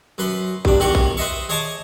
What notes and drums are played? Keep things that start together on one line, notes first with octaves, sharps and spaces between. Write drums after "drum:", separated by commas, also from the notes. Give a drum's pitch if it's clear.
F#2 B4 C6
G2 D4, drum: kick A#1
E2 D#3 F#4 G4 C#6
drum: kick A#1
B4 C5 D#5 E5 C#6
G#4 C#5 D#5 A5 D6